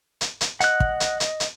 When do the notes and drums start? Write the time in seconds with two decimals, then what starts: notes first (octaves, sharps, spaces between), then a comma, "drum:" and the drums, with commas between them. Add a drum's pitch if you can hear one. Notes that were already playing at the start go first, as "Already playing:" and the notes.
0.21 drum: hi-hat
0.41 drum: hi-hat
0.61 D#5 F#5 F#6, drum: hi-hat
0.80 drum: kick
1.00 drum: hi-hat
1.20 drum: hi-hat
1.40 drum: hi-hat